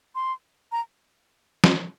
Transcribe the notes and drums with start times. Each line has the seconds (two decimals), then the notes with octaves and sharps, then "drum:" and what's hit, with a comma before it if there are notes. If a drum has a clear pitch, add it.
0.15 C6
0.72 A#5
1.64 drum: snare